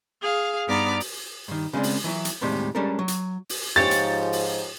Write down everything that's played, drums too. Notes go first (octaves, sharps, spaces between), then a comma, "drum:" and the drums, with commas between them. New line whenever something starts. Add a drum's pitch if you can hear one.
G#4 F5
G2 B3 D#4 D5 F6
drum: open hi-hat
G2 D#3
C#3 G3 G#3 C4 D4
drum: open hi-hat
E3 F#3 E4
drum: hi-hat
D#2 A2 C3 G3 G#3
G3 G#3 C#4 D4 A4 A#4
F#3
drum: hi-hat
drum: open hi-hat
G#2 F3 G4 C#5 A6
drum: hi-hat
drum: open hi-hat